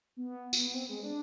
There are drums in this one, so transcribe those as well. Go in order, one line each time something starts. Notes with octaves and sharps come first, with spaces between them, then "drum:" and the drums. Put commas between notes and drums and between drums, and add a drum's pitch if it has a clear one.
B3
drum: tambourine
B3
C4
G#3
D4